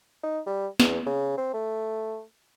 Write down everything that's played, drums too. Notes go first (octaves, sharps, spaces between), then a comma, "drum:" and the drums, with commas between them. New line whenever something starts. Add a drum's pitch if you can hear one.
D#4
G3
E2, drum: snare
C#3
C4
A3